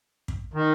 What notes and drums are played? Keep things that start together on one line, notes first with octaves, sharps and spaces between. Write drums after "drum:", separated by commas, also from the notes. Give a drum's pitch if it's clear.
drum: kick
D#3